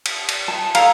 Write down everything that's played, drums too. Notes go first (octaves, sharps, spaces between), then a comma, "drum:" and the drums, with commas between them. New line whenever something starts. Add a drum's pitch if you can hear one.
drum: cymbal
drum: cymbal
A5
A4 C#5 F5 A#5, drum: cymbal